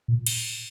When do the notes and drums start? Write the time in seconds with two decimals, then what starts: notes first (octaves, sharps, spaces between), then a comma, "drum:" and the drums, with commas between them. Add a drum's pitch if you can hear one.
0.08 A#2
0.26 drum: cymbal